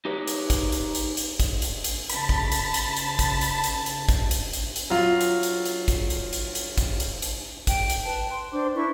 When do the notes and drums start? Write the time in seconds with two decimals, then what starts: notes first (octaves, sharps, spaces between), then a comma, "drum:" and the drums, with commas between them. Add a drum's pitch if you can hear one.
0.05 D#4 G4 B4 C#5
0.28 drum: hi-hat
0.50 drum: kick, hi-hat
0.72 drum: hi-hat
0.95 drum: hi-hat
1.17 drum: hi-hat
1.40 drum: kick, hi-hat
1.62 drum: hi-hat
1.84 drum: hi-hat
2.10 C#3 A5 B5, drum: hi-hat
2.29 drum: kick
2.52 drum: hi-hat
2.74 drum: hi-hat
2.96 drum: hi-hat
3.19 drum: kick, hi-hat
3.41 drum: hi-hat
3.64 drum: hi-hat
3.86 drum: hi-hat
4.09 drum: kick, hi-hat
4.31 drum: hi-hat
4.53 drum: hi-hat
4.76 drum: hi-hat
4.90 F#3 F4
5.21 drum: hi-hat
5.43 drum: hi-hat
5.65 drum: hi-hat
5.88 drum: kick, hi-hat
6.10 drum: hi-hat
6.33 drum: hi-hat
6.55 drum: hi-hat
6.78 drum: kick, hi-hat
7.00 drum: hi-hat
7.22 drum: hi-hat
7.67 G5, drum: kick, hi-hat
7.90 drum: hi-hat
8.04 B4 G5 A5
8.29 C6
8.53 D4 C5 D6
8.74 D4 E4 B4 C#6